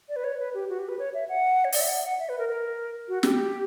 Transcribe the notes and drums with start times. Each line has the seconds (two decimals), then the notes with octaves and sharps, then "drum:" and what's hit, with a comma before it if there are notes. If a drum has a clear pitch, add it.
0.09 D5
0.16 B4
0.24 C#5
0.39 B4
0.54 G4
0.69 F#4
0.79 G4
0.89 B4
0.99 C#5
1.14 E5
1.29 F#5
1.65 C#5
1.72 D5, drum: open hi-hat
1.81 E5
1.88 F#5
2.04 F#5
2.19 E5
2.29 B4
2.39 A#4
2.49 A#4
3.08 F#4
3.23 G4, drum: snare